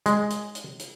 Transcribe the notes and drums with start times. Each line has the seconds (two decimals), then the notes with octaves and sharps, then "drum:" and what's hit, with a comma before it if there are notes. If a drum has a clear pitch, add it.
0.06 G#3, drum: hi-hat
0.30 drum: hi-hat
0.55 drum: hi-hat
0.79 drum: hi-hat